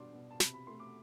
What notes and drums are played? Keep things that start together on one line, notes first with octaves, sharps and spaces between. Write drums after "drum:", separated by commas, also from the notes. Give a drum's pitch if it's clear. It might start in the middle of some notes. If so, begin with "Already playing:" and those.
Already playing: B2 G3 D4 C6 D6
B2
A5
C3 B5, drum: snare
B5
A3 C6
D6